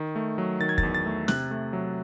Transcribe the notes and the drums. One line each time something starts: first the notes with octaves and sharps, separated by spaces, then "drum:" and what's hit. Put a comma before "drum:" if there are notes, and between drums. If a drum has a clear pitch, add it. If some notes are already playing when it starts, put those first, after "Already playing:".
Already playing: D#3
A3
F#3
D#3 A6
G#6
A6, drum: kick
E2
A6
A3
C3 F#6, drum: snare
A3
F#3